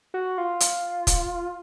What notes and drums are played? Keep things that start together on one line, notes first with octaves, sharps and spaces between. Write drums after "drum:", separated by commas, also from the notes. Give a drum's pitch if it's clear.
F#4
F4
drum: hi-hat
drum: kick, hi-hat